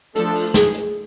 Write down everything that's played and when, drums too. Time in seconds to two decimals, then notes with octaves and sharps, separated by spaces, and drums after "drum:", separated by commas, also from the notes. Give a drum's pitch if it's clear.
0.15 F3 A3 D4 A4, drum: hi-hat
0.35 drum: open hi-hat
0.54 G#4, drum: snare
0.74 drum: hi-hat